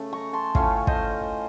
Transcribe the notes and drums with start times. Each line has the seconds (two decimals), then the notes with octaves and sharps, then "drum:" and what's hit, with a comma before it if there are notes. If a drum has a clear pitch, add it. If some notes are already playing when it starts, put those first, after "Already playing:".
Already playing: C#3 A3
0.13 A#5 C#6
0.33 A5 C6
0.55 A2 A3 C#4 F4 C#5 F5, drum: kick
0.87 C5 D#5, drum: kick